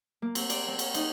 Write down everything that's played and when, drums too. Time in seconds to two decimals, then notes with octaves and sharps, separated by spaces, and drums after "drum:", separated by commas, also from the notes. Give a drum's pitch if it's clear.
0.22 A#3
0.35 C4, drum: cymbal
0.50 D5, drum: cymbal
0.68 C4
0.79 drum: cymbal
0.94 D#4, drum: cymbal